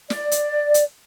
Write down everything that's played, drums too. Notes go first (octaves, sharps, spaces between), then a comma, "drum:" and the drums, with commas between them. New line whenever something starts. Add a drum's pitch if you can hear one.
D5, drum: snare
drum: hi-hat
drum: hi-hat